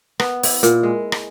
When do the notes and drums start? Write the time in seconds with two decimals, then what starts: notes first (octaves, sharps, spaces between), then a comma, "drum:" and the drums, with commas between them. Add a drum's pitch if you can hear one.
0.20 B3, drum: rim click
0.43 E4, drum: open hi-hat
0.63 A#2, drum: hi-hat
0.83 G#3
1.12 drum: rim click